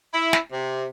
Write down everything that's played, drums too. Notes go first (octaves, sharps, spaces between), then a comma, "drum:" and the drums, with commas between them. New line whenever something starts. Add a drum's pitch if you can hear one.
E4
drum: snare
C3